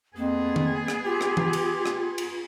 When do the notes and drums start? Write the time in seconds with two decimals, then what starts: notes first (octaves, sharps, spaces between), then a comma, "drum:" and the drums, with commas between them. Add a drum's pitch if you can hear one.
0.17 F2 A#3 B3 G#4
0.56 drum: tom
0.88 drum: rim click
1.05 F4 G4
1.21 drum: rim click
1.37 drum: tom E3
1.53 drum: cymbal
1.86 drum: rim click
2.18 drum: cymbal